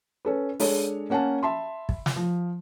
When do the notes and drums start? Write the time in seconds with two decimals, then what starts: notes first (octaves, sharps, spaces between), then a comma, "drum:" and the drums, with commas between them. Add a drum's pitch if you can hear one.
0.25 C#4 A4 B4
0.60 G#3 D4 A4 C#5, drum: open hi-hat
1.10 A#3 C#4 F#5 G#5 A5
1.43 E5 A5 B5 C6
1.89 drum: kick
2.06 drum: snare
2.16 F3